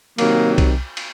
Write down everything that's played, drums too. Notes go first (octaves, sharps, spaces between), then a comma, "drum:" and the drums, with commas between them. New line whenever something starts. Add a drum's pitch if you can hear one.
C3 D#3 F#3 A#3, drum: cymbal
drum: kick B1, cymbal
drum: cymbal